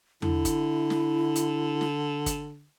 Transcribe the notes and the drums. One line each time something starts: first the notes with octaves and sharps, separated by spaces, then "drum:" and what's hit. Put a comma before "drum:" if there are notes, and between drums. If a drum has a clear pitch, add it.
D3 E4, drum: tom E2
drum: kick, hi-hat
drum: snare
drum: hi-hat
drum: snare
drum: kick, hi-hat